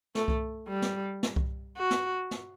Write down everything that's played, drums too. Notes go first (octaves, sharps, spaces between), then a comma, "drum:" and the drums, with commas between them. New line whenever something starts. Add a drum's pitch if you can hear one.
A3, drum: snare
drum: kick C2
G3
drum: snare
drum: snare
drum: kick C2
F#4
drum: snare
drum: snare